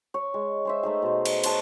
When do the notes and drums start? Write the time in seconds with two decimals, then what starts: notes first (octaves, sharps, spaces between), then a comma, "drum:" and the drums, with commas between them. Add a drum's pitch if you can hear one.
0.14 C#5
0.34 G#3
0.65 G#3 C5 E5
0.83 A3 D#4 G#4
1.02 B2 C5
1.25 drum: cymbal
1.44 C5 C#5 D#5 A5, drum: cymbal